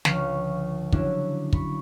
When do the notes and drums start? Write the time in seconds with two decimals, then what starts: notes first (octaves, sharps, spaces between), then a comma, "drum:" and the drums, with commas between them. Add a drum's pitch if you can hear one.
0.05 C#2 D3 F3 C#6 F6, drum: snare
0.92 D3 F#3 C#4 D4 E4, drum: kick
1.53 B5 C#6, drum: kick